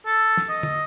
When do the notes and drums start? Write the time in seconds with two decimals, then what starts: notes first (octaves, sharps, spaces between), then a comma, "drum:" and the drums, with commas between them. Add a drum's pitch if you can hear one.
0.06 A4
0.37 drum: snare
0.49 D#5
0.63 drum: tom D3